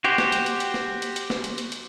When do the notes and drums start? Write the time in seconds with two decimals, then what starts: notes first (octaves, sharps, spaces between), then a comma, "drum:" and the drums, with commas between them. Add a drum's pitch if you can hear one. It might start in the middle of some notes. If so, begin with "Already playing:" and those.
0.04 F#4 G4 C5
0.18 drum: snare
0.32 drum: hi-hat
0.46 drum: hi-hat
0.60 drum: hi-hat
0.74 drum: snare
1.02 drum: hi-hat
1.16 drum: hi-hat
1.30 drum: snare
1.44 drum: hi-hat
1.58 drum: hi-hat
1.72 drum: hi-hat